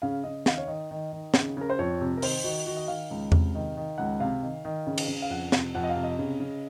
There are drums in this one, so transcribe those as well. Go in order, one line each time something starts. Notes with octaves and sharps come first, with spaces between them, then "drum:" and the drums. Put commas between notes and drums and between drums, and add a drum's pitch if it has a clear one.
C#3 F5
C#3 D#5
D#3 F5, drum: snare
C#5
D#3 D#5
D#3
D#3
C#3, drum: snare
C#3 A#4
C5
F2 C#5
C3
A#4
D#3 C5, drum: open hi-hat
D#3 F#4
D#3 F#4
D#5
D#3 F5
C#2
C3, drum: tom E2
D#3
D#3
C#2 F#5
C3 F5
D#3
D#3
C#3
drum: cymbal
C#3
F5
F2 F#5
C3, drum: snare
F2 F#5
D#5
F5
C3
D#5
C#3
C#3